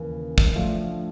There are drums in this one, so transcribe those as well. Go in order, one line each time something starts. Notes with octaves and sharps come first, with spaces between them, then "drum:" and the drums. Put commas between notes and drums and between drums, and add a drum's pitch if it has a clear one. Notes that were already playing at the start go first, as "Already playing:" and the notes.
Already playing: D#2 C#3 E3
drum: kick
A2 F3 A3 D4 F4